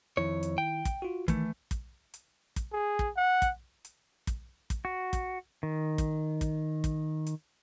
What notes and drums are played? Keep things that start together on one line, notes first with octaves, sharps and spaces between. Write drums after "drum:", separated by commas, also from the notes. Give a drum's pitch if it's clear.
F2 D#3 E4 C#5
drum: hi-hat
G5
drum: kick, hi-hat
F4 F#4
D#3 E3 A3, drum: kick, hi-hat
drum: kick, hi-hat
drum: hi-hat
drum: kick, hi-hat
G#4
drum: kick
F#5
drum: kick, hi-hat
drum: hi-hat
drum: kick, hi-hat
drum: kick, hi-hat
F#4
drum: kick, hi-hat
D#3
drum: kick, hi-hat
drum: kick, hi-hat
drum: kick, hi-hat
drum: hi-hat